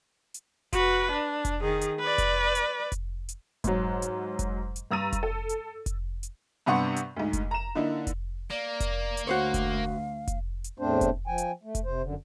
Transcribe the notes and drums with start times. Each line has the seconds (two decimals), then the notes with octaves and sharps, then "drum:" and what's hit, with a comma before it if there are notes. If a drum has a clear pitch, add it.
0.34 drum: hi-hat
0.73 F#4 B4, drum: kick F1, hi-hat
1.12 D4
1.45 drum: kick F1, hi-hat
1.61 D#3 G#4
1.81 drum: hi-hat
2.00 B4 D5
2.18 drum: kick F1, hi-hat
2.55 drum: hi-hat
2.92 drum: kick F1, hi-hat
3.29 drum: hi-hat
3.64 G#2 F#3, drum: kick F1, hi-hat
4.02 drum: hi-hat
4.39 drum: kick F1, hi-hat
4.76 drum: hi-hat
4.91 G2 A#5 E6 A6 D#7
5.12 drum: kick F1, hi-hat
5.23 A4
5.49 drum: hi-hat
5.86 drum: kick F1, hi-hat
6.23 drum: hi-hat
6.66 G2 C3 B3 F#5 C6 C#6
6.96 drum: hi-hat
7.16 D2 G#2
7.33 drum: kick F1, hi-hat
7.51 A#5 E7
7.75 D3 A#3 D#4 E4
8.07 drum: kick F1, hi-hat
8.50 A#3 D5
8.80 drum: kick F1, hi-hat
9.17 drum: hi-hat
9.27 D2 F#4 C5 C#5 F5
9.54 drum: kick F1, hi-hat
10.28 drum: kick F1, hi-hat
10.64 drum: hi-hat
10.78 E2 A2 A3 C4 D4 C5
11.01 drum: kick F1, hi-hat
11.27 F3 G5 G#5
11.38 drum: hi-hat
11.63 A3
11.75 drum: kick F1, hi-hat
11.85 C3 C5
12.02 F#2 D3